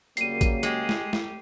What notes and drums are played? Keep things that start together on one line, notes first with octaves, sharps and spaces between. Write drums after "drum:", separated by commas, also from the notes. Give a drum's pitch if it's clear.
C#3 F#3 G3 A#3 C7 D#7, drum: hi-hat
drum: kick, hi-hat
G#3 G4, drum: hi-hat
drum: snare
drum: snare